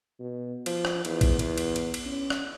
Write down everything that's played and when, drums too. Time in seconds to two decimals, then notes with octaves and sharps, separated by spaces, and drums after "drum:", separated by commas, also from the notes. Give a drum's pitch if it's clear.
0.19 B2
0.66 F3, drum: cymbal
0.85 drum: rim click
1.05 E2, drum: cymbal
1.21 drum: kick A#1, cymbal
1.39 E2, drum: cymbal
1.58 drum: cymbal
1.76 drum: cymbal
1.94 drum: cymbal
2.06 C#4
2.30 drum: rim click